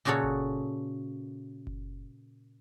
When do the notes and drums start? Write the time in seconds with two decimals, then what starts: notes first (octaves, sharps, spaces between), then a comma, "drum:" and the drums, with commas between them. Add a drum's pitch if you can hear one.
0.05 A#2 C#3 F#4 G#4 A4 C#5
0.23 drum: kick F#1
1.67 drum: kick F#1